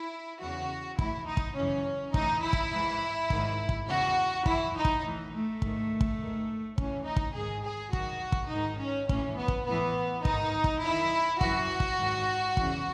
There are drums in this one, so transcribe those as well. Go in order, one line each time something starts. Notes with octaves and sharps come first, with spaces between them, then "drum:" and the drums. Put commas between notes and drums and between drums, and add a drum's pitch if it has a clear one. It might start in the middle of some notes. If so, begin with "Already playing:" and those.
Already playing: E4
E2 C#3 E3 F#4
A2 E3 E4, drum: kick
D#4
drum: kick
F#2 C#3 E3 C#4
A2 E3 D#4, drum: kick
E4
drum: kick
G#2 E3
G#2 D#3, drum: kick
drum: kick
E2 C#3 E3 F#4
F#2 E3 E4, drum: kick
D#4
drum: kick
A2 E3
A3
G#2 D#3, drum: kick
drum: kick
G#2 D#3
A2 E3 C#4, drum: kick
D#4
drum: kick
G#2 D#3 G#4
G#4
F#2 D#3 F#4, drum: kick
drum: kick
G#2 D#3 D#4
C#4
A2 E3 C#4, drum: kick
B3
drum: kick
A2 E3 B3
G#2 D#3 D#4, drum: kick
drum: kick
F#2 D#3 E4
F#2 E3 F#4, drum: kick
drum: kick
G#2 D#3
E2 C#3 E3, drum: kick